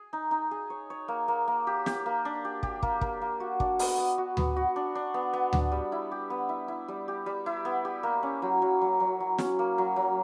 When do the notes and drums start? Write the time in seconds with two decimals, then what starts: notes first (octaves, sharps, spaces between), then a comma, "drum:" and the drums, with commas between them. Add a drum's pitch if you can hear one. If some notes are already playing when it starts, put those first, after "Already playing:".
Already playing: G#4
0.13 D#4
0.31 D#4
0.51 G#4
0.70 C#5
0.90 C#5
1.08 A#3
1.28 A#3
1.48 A#3
1.67 G4
1.86 G4, drum: snare
2.06 A#3
2.25 D4
2.45 G4
2.63 G4, drum: kick
2.83 A#3, drum: kick
3.01 A#3, drum: kick
3.21 A#3
3.40 F#4
3.60 D4, drum: kick
3.79 B3, drum: open hi-hat
3.98 B3
4.18 F#4
4.37 B3, drum: tom D2
4.56 F#4
4.76 D4
4.95 D4
5.14 B3
5.33 B3
5.53 D4, drum: tom D2
5.72 G3
5.92 E4
6.11 G4
6.30 B3
6.49 E4
6.68 E4
6.88 G3
7.08 G4
7.26 G3
7.46 E4
7.65 B3
7.85 G4
8.03 A#3
8.23 C#4
8.42 F#3
8.62 F#3
8.81 F#3
9.00 F#3
9.20 F#3
9.38 C#4, drum: snare
9.59 A#3
9.78 F#3
9.96 F#3